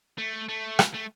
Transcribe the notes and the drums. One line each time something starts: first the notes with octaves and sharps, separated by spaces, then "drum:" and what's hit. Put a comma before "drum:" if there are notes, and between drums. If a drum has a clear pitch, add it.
A3
A3
drum: rim click
A3